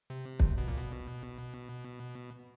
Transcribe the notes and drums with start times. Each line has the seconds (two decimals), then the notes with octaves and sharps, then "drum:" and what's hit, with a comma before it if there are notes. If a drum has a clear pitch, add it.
0.10 C3
0.40 drum: kick
0.58 B2
0.68 A#2
0.77 B2